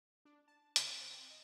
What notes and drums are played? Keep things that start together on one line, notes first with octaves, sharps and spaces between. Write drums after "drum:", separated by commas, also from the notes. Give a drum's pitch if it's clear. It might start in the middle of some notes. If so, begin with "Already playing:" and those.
D4
A5
C#3, drum: hi-hat
C4
C4
D#5